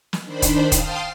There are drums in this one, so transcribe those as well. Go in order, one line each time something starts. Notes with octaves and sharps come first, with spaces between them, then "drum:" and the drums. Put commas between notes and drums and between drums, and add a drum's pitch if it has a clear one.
drum: snare
D#3 D4 C5 B5
drum: kick D#1, hi-hat
F5 G5 A5 C6 D#6 F6, drum: kick D#1, hi-hat